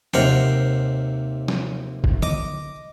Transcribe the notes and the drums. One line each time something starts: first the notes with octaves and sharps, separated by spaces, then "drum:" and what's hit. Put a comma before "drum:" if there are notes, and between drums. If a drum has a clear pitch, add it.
D#2 C3 A#4 C5 F#5 G5, drum: snare
drum: snare
drum: kick
D#5 D6 D#6, drum: tom D3